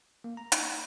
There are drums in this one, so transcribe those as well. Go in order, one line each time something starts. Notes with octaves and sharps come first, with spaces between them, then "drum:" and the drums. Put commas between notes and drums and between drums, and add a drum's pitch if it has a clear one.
A#3
A#5
D#4, drum: hi-hat